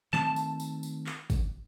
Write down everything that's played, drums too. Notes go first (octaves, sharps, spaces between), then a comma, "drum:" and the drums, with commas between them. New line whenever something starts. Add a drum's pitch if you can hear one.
D#3 A3 C4 A5, drum: clap
drum: tambourine
drum: tambourine
drum: tambourine
drum: clap
drum: kick, tambourine